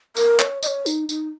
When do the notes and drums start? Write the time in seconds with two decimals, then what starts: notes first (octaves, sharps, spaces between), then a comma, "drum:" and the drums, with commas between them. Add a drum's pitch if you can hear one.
0.17 A#4, drum: tambourine
0.39 C#5, drum: clap
0.63 D#5, drum: tambourine
0.67 C#5
0.86 D#4, drum: tambourine
1.09 D#4, drum: tambourine